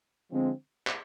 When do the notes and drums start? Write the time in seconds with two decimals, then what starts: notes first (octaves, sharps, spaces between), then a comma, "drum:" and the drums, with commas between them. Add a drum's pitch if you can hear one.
0.30 D3 F3 G#3 C4
0.87 drum: clap